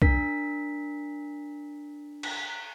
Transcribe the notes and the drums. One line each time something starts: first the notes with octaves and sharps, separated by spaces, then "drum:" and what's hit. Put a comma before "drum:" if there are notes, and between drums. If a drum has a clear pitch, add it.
D4 A#4 B6, drum: kick B1
drum: cymbal